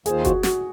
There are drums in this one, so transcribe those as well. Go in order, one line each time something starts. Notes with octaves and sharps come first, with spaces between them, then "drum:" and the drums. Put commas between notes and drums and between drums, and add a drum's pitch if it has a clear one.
D#2 D#3 A#3 F4 G#4 C5, drum: hi-hat
F#4, drum: kick F#1, hi-hat
F#4, drum: snare